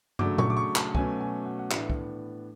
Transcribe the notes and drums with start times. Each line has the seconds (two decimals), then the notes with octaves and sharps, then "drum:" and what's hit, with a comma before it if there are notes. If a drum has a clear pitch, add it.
0.19 C#3 F#3 A3 D4 D6, drum: tom
0.38 C#6, drum: tom A#2
0.50 D6
0.57 C#6
0.76 A5, drum: clap
0.95 B2 F#3 A3 C#4 G#5, drum: kick
1.21 G#5
1.45 F#5
1.59 F#5
1.71 A2 E3 B3 D4 E5, drum: clap
1.90 drum: kick